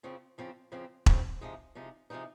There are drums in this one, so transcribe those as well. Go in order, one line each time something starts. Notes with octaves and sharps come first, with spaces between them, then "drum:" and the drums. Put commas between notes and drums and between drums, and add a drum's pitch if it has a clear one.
F2 C#3 F3 C4
F2 C#3 F3 C4
F2 C#3 F3 C4
F2 C#3 F3 C4, drum: kick E1
C3 F3 G#3 D#4
C3 F3 G#3 D#4
C3 F3 G#3 D#4